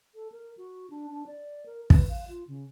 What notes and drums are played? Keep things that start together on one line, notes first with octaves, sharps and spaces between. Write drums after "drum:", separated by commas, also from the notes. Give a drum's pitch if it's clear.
A4
A#4
F#4
D4
D4
D5
A#4
B4, drum: kick
F5
F4
C#3